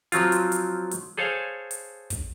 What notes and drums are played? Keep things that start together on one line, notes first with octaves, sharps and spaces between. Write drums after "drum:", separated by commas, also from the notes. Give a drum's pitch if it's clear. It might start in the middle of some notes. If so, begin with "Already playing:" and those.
F3 F#3 C4 F4, drum: hi-hat
drum: hi-hat
drum: hi-hat
drum: hi-hat
G#4 A4 C5 C#5 F5
drum: hi-hat
drum: kick, hi-hat